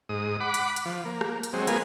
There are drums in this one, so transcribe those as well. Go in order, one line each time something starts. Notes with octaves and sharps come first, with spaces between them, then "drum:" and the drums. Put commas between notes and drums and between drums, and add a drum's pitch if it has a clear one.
G#2 D#6
F#5 B5 D6
drum: hi-hat
drum: hi-hat
F3
A#3
drum: rim click
drum: hi-hat
F#3 G#3 C4
G#3 A#3 B3 F4 G#5, drum: hi-hat